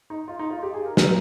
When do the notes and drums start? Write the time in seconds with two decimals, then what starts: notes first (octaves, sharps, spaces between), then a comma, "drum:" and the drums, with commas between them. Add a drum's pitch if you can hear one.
0.10 D#4
0.28 F4
0.39 D#4
0.50 F4
0.63 G4
0.74 G#4
0.86 A#4
0.97 A#4, drum: snare